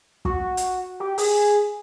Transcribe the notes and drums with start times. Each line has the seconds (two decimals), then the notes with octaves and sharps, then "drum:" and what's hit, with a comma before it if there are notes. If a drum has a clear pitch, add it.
0.25 F#4, drum: kick
0.57 drum: hi-hat
1.00 G4
1.18 G#4, drum: open hi-hat